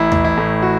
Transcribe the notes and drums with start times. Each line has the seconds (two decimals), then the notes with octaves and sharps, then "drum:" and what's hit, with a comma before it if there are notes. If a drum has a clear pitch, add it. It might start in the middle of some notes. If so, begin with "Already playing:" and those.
Already playing: A1 E4
0.12 A1, drum: tom D#2
0.24 E4
0.38 A2
0.62 F#4